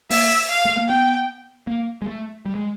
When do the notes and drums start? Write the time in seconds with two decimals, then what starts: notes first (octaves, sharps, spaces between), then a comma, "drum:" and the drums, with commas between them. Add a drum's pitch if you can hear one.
0.10 A#3 E5, drum: open hi-hat
0.50 F5
0.65 A3
0.77 A#3
0.89 B3 G5
1.67 A#3
2.02 G#3
2.07 A3
2.45 G3
2.55 G#3